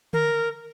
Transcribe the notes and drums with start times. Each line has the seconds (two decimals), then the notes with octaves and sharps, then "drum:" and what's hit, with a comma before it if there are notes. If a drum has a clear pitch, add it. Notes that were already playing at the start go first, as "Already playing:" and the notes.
0.13 A#4, drum: tom D3